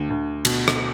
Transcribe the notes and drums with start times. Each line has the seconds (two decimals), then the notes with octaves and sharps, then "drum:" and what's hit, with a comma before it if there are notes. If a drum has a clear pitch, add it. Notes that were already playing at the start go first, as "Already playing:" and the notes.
Already playing: D2
0.10 D2
0.45 B2, drum: cymbal
0.68 drum: rim click